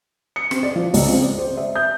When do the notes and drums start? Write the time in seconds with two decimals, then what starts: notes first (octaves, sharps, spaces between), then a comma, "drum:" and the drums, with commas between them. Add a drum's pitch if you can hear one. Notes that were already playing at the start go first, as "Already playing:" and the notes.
0.36 C#7
0.51 C4, drum: rim click
0.63 D5
0.76 F3
0.94 C#2, drum: open hi-hat
1.08 C4
1.22 D5
1.38 C5
1.57 E5
1.75 G6